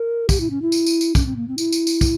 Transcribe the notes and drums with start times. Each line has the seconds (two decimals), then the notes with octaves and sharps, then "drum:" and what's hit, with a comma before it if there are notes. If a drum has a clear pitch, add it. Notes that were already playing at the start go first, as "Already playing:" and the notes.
Already playing: A#4
0.29 G4, drum: kick, tambourine
0.40 E4
0.50 C#4
0.62 E4
0.72 drum: tambourine
0.86 drum: tambourine
1.01 drum: tambourine
1.15 C#4, drum: kick, tambourine
1.26 C4
1.36 A#3
1.48 C4
1.58 E4, drum: tambourine
1.72 drum: tambourine
1.87 drum: tambourine
2.01 drum: kick, tambourine